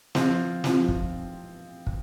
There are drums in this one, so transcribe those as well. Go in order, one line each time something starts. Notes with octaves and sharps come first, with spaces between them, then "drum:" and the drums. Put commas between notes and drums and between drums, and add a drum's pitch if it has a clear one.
F3 C4 F4, drum: snare
F3 C4 F4, drum: snare
drum: kick
drum: kick